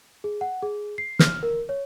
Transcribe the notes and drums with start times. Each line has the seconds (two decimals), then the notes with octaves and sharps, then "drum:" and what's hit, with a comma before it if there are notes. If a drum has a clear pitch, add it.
0.24 G#4
0.41 F#5
0.63 G#4
0.98 C7
1.19 F6, drum: snare
1.43 A#4
1.69 C#5